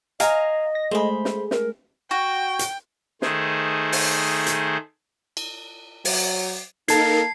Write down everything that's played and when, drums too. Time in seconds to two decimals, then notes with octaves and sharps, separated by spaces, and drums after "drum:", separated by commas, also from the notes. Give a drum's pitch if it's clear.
0.20 D#5 F5 G#5 A#5, drum: hi-hat
0.75 A#6
0.91 G#3 A3 G#4 C5 B5
1.25 drum: snare
1.51 A#4, drum: snare
2.11 F#4 G5
2.59 drum: hi-hat
3.22 D#3 A3 G#4 C5, drum: snare
3.92 drum: open hi-hat
4.46 drum: hi-hat
5.37 drum: cymbal
6.05 F#3, drum: open hi-hat
6.88 A#3 D#4 A4 A#4 A5 G#6 C7, drum: hi-hat